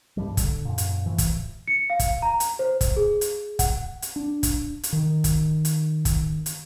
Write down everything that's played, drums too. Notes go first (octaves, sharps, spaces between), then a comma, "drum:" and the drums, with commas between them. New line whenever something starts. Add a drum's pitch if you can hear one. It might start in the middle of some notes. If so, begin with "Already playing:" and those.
G2 F3 G3
D3, drum: kick, hi-hat
F#2 A#2
drum: hi-hat
A2 E3 F3
drum: kick, hi-hat
C#7
F5
drum: kick, hi-hat
A#5
drum: hi-hat
C5
drum: kick, hi-hat
G#4
drum: hi-hat
F#5, drum: kick, hi-hat
drum: hi-hat
D4
drum: kick, hi-hat
drum: hi-hat
D#3
drum: kick, hi-hat
drum: hi-hat
drum: kick, hi-hat
drum: hi-hat